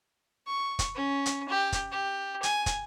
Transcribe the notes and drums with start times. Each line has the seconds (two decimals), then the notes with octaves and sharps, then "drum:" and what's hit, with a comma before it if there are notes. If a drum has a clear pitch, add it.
0.47 C#6
0.79 drum: kick, hi-hat
0.95 C#4
1.26 drum: hi-hat
1.49 G4
1.72 drum: kick, hi-hat
1.92 G4
2.43 G#5, drum: hi-hat
2.66 drum: kick, hi-hat